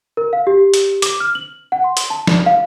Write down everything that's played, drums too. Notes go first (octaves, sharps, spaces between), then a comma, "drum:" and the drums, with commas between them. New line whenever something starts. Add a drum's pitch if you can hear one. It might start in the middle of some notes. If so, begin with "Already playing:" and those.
A#4
F5
G4
drum: hi-hat
D6, drum: hi-hat
F6
F#7
F#5
C6
drum: hi-hat
A5
drum: snare
F5